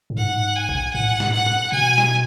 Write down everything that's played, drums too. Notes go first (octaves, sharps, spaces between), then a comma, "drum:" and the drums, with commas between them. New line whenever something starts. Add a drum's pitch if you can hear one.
A2
G#2 F#5
G#5
drum: kick A1
A2 F#5
A2, drum: snare
F#5
drum: tom A#2
B2 G#5
drum: snare